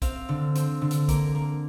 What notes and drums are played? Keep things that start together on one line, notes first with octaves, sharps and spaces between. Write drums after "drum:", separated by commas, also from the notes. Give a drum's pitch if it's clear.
C4 F5, drum: kick, hi-hat
D3
C4, drum: hi-hat
D3
drum: hi-hat
A#3, drum: kick, hi-hat
A#3